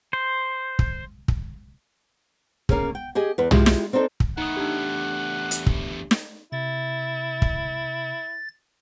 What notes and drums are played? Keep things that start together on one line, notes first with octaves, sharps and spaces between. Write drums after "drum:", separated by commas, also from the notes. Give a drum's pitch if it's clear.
C5
drum: kick
drum: kick
C#3 A#3 C#4 G#4, drum: kick
G5
G4 G#4 D#5 G#5
E2 B4
G#3 E4 F4 G4, drum: tom
drum: snare
C4 D4 D#4 A4 C5
drum: kick
E2 A3 D#4 F#5 D#6
D4 G4
drum: hi-hat
drum: kick
drum: snare
C3 E4 A6
drum: kick